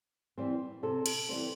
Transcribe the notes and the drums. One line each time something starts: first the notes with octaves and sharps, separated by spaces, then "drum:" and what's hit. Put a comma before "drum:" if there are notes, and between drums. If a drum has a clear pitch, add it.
E3 G3 C4
C3 A4
drum: cymbal
E3 G3 C4